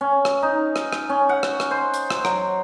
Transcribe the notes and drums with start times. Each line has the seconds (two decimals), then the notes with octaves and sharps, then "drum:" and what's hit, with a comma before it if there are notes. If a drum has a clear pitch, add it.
0.01 C#4
0.25 drum: rim click
0.42 D#4
0.76 drum: rim click
0.93 drum: rim click
1.09 C#4
1.29 F#5
1.43 drum: rim click
1.60 drum: rim click
1.71 C5
1.94 drum: hi-hat
2.10 drum: rim click
2.25 F#3, drum: rim click